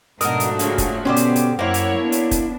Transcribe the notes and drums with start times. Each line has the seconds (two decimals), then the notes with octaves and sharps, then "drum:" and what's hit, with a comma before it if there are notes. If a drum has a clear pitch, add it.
0.21 G#2 B2 F3 A3 D4 F#4 A#4 D#6, drum: hi-hat
0.40 drum: hi-hat
0.59 C#3 F#3 A#3, drum: hi-hat
0.78 drum: kick F1, hi-hat
1.05 B2 D3 B3 C#4 G4 C5 D6
1.16 drum: hi-hat
1.36 drum: hi-hat
1.59 F#2 A#3 E4 C5 C#5 E5 F#5
1.74 drum: hi-hat
1.97 B3 D4
2.12 drum: hi-hat
2.31 drum: kick F1, hi-hat